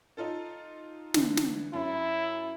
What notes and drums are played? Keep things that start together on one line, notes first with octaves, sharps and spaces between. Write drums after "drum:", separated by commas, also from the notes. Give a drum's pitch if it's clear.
D#4 F4 A4
D3 E3, drum: snare
drum: snare
F#2 E4